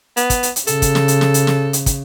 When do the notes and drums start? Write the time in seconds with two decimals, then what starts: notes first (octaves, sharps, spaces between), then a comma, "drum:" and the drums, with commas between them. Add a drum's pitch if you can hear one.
0.17 B3, drum: hi-hat
0.30 drum: kick, hi-hat
0.43 drum: hi-hat
0.56 drum: hi-hat
0.67 C#3 A4, drum: hi-hat
0.82 drum: kick, hi-hat
0.95 drum: snare
1.08 drum: hi-hat
1.21 drum: snare
1.34 drum: hi-hat
1.47 drum: snare
1.73 drum: hi-hat
1.86 drum: kick, hi-hat